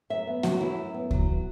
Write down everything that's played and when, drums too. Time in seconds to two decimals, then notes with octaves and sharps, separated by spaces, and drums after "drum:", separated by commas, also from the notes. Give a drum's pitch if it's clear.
0.10 F#2 E5
0.27 B3
0.43 F#3 F#4, drum: snare B3
0.60 F#2 E4
0.77 F#2
0.94 B3
1.11 F#3, drum: kick D2